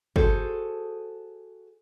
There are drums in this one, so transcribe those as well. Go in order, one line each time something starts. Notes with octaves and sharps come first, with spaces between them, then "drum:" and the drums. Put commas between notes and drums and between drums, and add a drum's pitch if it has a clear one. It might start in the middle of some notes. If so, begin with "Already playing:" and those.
F#4 G#4 A4 C5, drum: kick